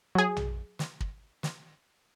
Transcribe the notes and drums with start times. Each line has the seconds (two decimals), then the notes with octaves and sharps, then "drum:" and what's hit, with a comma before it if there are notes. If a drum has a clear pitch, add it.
0.15 F#3 G#4
0.37 drum: tom A#1
0.79 drum: snare
1.00 drum: kick
1.43 drum: snare